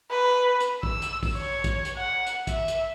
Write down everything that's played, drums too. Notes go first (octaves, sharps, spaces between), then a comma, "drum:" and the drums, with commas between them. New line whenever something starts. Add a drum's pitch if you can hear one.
B4
drum: hi-hat
E6, drum: kick
drum: hi-hat
drum: kick, open hi-hat
C#5
drum: kick, hi-hat
drum: hi-hat
F#5
drum: hi-hat
E5, drum: kick, hi-hat
drum: hi-hat